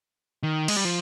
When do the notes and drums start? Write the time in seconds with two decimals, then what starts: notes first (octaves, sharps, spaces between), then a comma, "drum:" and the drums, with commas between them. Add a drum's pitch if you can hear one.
0.43 D#3
0.68 G#3, drum: cymbal
0.76 G3
0.85 F3